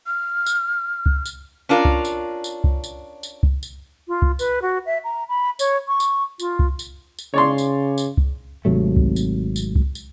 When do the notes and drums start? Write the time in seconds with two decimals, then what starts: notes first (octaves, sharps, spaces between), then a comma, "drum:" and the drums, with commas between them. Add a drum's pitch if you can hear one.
0.06 F6
0.46 drum: tambourine
1.06 drum: kick C2
1.26 drum: tambourine
1.69 C#4 D4 F4 A#4
1.85 drum: kick C2
2.05 drum: tambourine
2.44 drum: tambourine
2.64 drum: kick C2
2.84 drum: tambourine
3.23 drum: tambourine
3.43 drum: kick C2
3.63 drum: tambourine
4.08 F4
4.22 drum: kick C2
4.39 B4, drum: tambourine
4.62 F#4
4.86 E5
5.04 A#5
5.29 B5
5.59 C#5, drum: tambourine
5.88 C#6
6.00 drum: tambourine
6.40 F4, drum: tambourine
6.59 drum: kick C2
6.79 drum: tambourine
7.19 drum: tambourine
7.34 C#3 C#5 D5 C6
7.58 drum: tambourine
7.98 drum: tambourine
8.17 drum: kick C2
8.65 G#1 C3 F#3 A3
8.97 drum: kick C2
9.16 drum: tambourine
9.56 drum: tambourine
9.76 drum: kick C2
9.95 drum: tambourine